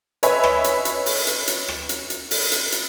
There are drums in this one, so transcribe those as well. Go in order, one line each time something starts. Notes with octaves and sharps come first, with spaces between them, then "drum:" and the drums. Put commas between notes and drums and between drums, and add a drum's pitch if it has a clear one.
B4 C#5 D#5 E5 G#5 B5, drum: hi-hat
drum: rim click
drum: hi-hat
drum: hi-hat
drum: open hi-hat
drum: hi-hat
drum: hi-hat
drum: rim click
drum: hi-hat
drum: hi-hat
drum: open hi-hat
drum: hi-hat
drum: hi-hat